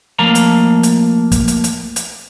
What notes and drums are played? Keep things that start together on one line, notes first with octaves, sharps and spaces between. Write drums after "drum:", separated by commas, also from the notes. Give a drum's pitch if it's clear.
F3 A3 A#3 A#5
drum: hi-hat
drum: hi-hat
drum: kick, hi-hat
drum: hi-hat
drum: hi-hat
drum: hi-hat